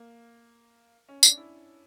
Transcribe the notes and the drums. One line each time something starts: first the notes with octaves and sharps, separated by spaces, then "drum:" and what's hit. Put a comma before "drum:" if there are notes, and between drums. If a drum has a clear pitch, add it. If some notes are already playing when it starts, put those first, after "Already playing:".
Already playing: A#3
C#4
D4, drum: tambourine
E4